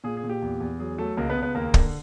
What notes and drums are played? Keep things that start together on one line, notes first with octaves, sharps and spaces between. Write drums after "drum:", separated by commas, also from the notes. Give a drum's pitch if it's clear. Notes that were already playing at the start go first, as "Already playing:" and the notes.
A#2 G#4
G#4
A#2
G4
E2
E2
F#3 G#4
F#3 A3 A4
C#2 A#3 A#4
B3 B4
C#2
B3 B4
D#2 A#3 A#4
D3, drum: kick